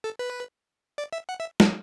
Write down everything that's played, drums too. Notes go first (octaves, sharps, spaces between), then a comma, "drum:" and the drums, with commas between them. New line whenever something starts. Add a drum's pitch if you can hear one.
A4
B4
D5
E5
F#5
E5
A5, drum: snare